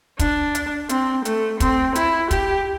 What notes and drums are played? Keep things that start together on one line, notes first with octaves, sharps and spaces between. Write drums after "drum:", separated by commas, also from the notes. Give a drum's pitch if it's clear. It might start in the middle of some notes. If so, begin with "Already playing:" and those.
D4, drum: kick, hi-hat
drum: hi-hat
C4, drum: hi-hat
A3, drum: hi-hat
C4, drum: kick, hi-hat
E4, drum: hi-hat
G4, drum: kick, hi-hat